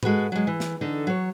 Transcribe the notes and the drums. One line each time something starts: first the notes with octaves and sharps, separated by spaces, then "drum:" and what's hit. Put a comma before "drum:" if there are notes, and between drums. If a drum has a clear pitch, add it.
G#3 F#4 A4 B4, drum: tom G#2
F#3 G#3
E3
drum: snare
D3 D#4 A4
F#3 C#5